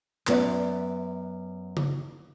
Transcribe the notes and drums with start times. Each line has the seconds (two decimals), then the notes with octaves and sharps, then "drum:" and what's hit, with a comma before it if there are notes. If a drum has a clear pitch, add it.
0.27 F#2 B3 D5 E5, drum: clap
1.77 drum: tom C#3